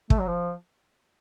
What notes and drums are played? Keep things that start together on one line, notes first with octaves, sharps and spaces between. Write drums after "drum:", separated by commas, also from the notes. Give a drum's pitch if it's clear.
A3, drum: kick
F#3
F3